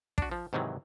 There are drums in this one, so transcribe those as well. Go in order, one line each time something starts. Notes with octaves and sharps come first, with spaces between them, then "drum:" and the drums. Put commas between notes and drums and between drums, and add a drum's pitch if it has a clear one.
D4 F#4, drum: kick
F3
G#2 C3 D#3 E3 F#3